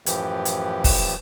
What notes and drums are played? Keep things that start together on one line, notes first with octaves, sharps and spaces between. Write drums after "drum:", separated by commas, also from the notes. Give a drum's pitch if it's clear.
F#2 A2 E3 F3 G4, drum: hi-hat
drum: hi-hat
drum: kick, open hi-hat